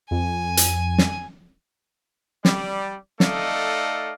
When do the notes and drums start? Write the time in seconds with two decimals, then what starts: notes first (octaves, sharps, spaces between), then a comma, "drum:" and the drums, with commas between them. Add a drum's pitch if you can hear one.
0.11 F2 G#5
0.57 drum: hi-hat
0.98 drum: snare
2.45 G3 D5, drum: snare
3.20 A3 D#4 A4 D5 D#5 F5, drum: snare